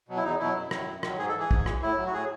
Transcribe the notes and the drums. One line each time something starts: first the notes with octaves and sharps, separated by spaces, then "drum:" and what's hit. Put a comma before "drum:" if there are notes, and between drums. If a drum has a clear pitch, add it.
B2 F#3
E4
E2 D#4
B2 F#3 E4
F#2
D#3 F#3, drum: rim click
F#2
D#3 F#3, drum: rim click
G#2 G#4
A4
E3
G#4
G#2, drum: kick
E3, drum: rim click
A2 E4
F#3
F#4
A2 G#4